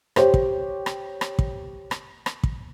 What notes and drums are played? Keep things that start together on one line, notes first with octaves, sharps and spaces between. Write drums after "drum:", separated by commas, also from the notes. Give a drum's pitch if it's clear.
G4 C5 C#5, drum: rim click
drum: kick
drum: rim click
drum: rim click
drum: kick
drum: rim click
drum: rim click
drum: kick